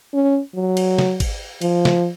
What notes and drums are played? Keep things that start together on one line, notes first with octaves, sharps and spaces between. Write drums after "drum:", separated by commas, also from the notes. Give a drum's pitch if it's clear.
C#4
F#3
drum: cymbal
drum: snare
drum: kick G#1, cymbal
F3, drum: cymbal
drum: snare